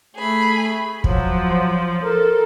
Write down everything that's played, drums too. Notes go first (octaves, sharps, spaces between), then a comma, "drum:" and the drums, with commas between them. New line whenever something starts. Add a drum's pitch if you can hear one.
A3 G#4 B5
F3 F#3, drum: kick
A4 A#4